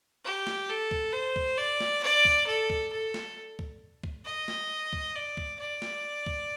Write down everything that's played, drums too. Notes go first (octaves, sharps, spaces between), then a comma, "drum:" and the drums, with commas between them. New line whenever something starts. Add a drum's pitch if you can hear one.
G4
drum: snare
A4
drum: kick
C5
drum: kick
D5
drum: snare
D5
drum: kick
A4
drum: kick
A4
drum: snare
drum: kick
drum: kick
D#5
drum: snare
drum: kick
D5
drum: kick
D5
drum: snare
drum: kick